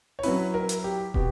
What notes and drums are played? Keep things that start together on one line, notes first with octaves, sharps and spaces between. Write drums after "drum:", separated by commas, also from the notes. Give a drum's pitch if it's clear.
C#5
F#3 C#4 E4 B4, drum: open hi-hat
A#4
drum: hi-hat
G4
B2 G4, drum: kick